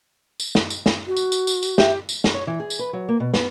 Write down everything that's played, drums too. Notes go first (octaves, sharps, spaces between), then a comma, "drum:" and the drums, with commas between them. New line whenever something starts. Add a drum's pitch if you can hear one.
drum: tambourine
drum: snare
drum: tambourine
drum: snare
F#4
drum: tambourine
drum: tambourine
drum: tambourine
drum: tambourine
G4 E5, drum: snare
drum: tambourine
drum: snare
C#5
E3
G#4
drum: tambourine
B4
F#3
A#3
B2
B3, drum: snare